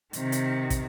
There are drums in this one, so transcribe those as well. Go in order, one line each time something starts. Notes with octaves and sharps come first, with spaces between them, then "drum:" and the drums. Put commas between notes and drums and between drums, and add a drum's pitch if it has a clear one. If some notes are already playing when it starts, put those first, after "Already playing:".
C3 D#3, drum: hi-hat
drum: hi-hat
drum: kick, hi-hat